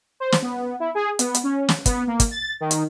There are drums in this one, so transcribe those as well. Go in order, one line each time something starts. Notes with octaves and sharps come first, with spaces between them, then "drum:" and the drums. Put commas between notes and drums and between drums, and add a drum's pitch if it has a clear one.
C5
drum: snare
B3
E4
G#4
B3, drum: hi-hat
drum: hi-hat
C#4
drum: snare
B3, drum: kick, hi-hat
A#3
drum: kick, hi-hat
A6
D#3
drum: hi-hat